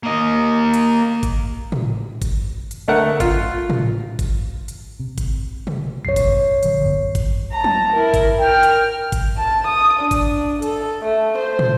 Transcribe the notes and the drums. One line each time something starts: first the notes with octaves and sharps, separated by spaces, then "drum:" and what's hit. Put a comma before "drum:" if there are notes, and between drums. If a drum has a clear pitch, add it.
A#3 D#5
drum: hi-hat
drum: kick G#1, hi-hat
drum: tom
drum: kick G#1, hi-hat
drum: hi-hat
D2 A3 A#4 F#5
F4, drum: kick G#1, hi-hat
drum: tom
drum: kick G#1, hi-hat
drum: hi-hat
C3
drum: kick G#1, hi-hat
drum: tom
B1 F#2 C#5 C7
drum: kick G#1, hi-hat
A#1 D3 F#3, drum: hi-hat
G1 G2 B3
drum: kick G#1, hi-hat
A5 A#5
drum: tom
E4 A#4
drum: kick G#1, hi-hat
A#4 G5 F6
drum: hi-hat
drum: kick G#1, hi-hat
A5
D#6
D4
drum: kick G#1, hi-hat
A4, drum: hi-hat
A3
C5
drum: tom